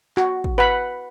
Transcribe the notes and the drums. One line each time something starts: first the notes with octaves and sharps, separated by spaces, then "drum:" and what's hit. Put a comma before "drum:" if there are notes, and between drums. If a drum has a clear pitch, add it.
F#4, drum: clap
drum: kick
B4 F#5 B5